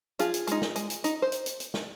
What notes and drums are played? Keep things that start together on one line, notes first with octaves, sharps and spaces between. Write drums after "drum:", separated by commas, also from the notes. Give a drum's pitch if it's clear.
F3 F4 G#4, drum: hi-hat
drum: hi-hat
G#3 D#4, drum: hi-hat
drum: snare
G#3, drum: hi-hat
drum: hi-hat
D#4, drum: hi-hat
C5
drum: hi-hat
drum: hi-hat
drum: hi-hat
drum: snare